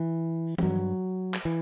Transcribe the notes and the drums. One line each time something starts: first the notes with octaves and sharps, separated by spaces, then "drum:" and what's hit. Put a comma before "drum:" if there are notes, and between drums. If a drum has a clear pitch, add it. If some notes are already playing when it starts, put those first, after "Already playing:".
Already playing: E3
G3, drum: tom E3
G2 F#3
drum: clap
E3